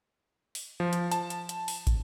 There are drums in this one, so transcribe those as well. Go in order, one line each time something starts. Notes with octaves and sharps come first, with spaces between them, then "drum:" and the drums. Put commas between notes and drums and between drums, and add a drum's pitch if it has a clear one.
drum: open hi-hat
F3
drum: hi-hat
A5, drum: hi-hat
drum: hi-hat
drum: hi-hat
drum: open hi-hat
drum: kick, hi-hat